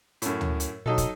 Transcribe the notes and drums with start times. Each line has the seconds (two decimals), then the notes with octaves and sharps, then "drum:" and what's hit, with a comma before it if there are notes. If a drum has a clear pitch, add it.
0.22 F#2 A2, drum: hi-hat
0.41 drum: tom D2
0.60 drum: hi-hat
0.86 B2 F#3 D#4 A4
0.98 drum: kick, hi-hat